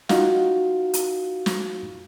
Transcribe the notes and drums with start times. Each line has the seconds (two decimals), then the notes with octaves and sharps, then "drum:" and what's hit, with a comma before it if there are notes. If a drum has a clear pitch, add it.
0.09 D#4 F4 F#4 F5, drum: snare
0.94 drum: hi-hat
1.46 drum: snare